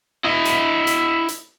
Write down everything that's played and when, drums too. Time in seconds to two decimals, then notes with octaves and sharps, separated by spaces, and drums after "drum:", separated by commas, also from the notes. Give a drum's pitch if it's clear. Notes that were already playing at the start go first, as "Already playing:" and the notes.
0.24 E4 D#5
0.45 drum: hi-hat
0.87 drum: hi-hat
1.28 drum: hi-hat